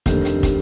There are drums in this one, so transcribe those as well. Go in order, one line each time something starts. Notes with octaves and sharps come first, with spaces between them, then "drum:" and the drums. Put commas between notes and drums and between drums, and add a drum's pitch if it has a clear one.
F1 D#2 D3 G4 A#4, drum: kick, hi-hat
drum: hi-hat
drum: kick, hi-hat